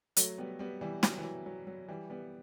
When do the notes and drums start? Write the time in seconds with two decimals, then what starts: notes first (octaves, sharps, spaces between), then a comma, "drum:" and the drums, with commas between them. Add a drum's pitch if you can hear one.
0.17 F#3 A3, drum: hi-hat
0.38 G3 B3
0.59 G3 B3
0.81 E3 G3
1.03 F#3, drum: snare
1.18 E3
1.24 F#3
1.46 F#3
1.67 F#3
1.88 E3 G3
2.10 G3 B3